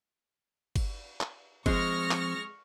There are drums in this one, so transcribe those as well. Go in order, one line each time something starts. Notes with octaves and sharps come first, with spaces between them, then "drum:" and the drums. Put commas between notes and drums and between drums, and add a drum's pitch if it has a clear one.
drum: kick G1, cymbal
drum: clap
F3 G#3 C4 C#6 F6 A#6, drum: kick G1, cymbal
drum: clap